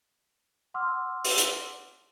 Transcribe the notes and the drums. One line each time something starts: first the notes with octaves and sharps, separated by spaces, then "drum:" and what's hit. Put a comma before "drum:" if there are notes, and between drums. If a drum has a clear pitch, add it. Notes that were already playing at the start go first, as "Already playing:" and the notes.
F#5 C6 D6 E6 F6
drum: open hi-hat
drum: hi-hat